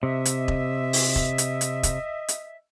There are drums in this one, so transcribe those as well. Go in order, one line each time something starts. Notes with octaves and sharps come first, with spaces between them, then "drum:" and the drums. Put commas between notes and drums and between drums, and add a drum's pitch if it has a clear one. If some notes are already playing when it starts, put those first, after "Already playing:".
C3 D#5 E5
drum: hi-hat
drum: kick E1
drum: open hi-hat
drum: kick E1
drum: hi-hat
drum: hi-hat
drum: kick E1, hi-hat
drum: hi-hat